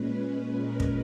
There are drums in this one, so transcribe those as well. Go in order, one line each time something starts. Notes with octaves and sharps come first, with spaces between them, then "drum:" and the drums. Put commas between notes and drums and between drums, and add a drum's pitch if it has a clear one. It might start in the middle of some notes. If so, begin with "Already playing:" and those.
Already playing: A#2 G#3 C#4 B4
A#4
drum: kick